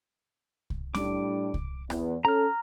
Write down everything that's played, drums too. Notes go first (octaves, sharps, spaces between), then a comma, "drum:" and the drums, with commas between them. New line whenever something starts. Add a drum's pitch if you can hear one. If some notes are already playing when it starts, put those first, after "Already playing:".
drum: kick C2
A2 G3 D4 D6, drum: snare
drum: kick C2
E2 B3, drum: rim click
C#4 A4 A#5 F6